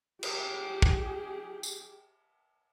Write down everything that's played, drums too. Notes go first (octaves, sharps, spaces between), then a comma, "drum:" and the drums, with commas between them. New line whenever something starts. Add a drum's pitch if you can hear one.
G4 G#4, drum: cymbal
drum: kick
drum: tambourine